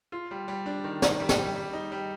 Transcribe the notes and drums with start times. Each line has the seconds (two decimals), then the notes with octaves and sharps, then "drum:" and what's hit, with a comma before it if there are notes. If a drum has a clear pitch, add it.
0.12 F4
0.31 G3
0.48 G3
0.66 D4
0.84 D#3
1.02 D#3, drum: snare
1.20 G3
1.29 drum: snare
1.38 G3
1.55 G3
1.73 D#4
1.92 G3